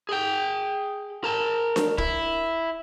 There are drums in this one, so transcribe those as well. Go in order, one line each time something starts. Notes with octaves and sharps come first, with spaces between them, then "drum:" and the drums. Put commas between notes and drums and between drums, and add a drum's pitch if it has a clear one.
G#4 G5
A#4 A5
drum: snare D4
E4, drum: kick